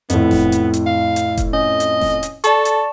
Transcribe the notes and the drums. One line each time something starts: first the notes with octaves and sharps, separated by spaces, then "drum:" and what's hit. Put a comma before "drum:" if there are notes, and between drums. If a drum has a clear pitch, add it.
F2 A2 B3, drum: hi-hat
drum: snare E1
drum: hi-hat
drum: hi-hat
F5
drum: hi-hat
drum: kick F1, hi-hat
C#4 D#5
drum: hi-hat
drum: snare E1
drum: hi-hat
A4 D5 A5 C#6, drum: hi-hat
drum: hi-hat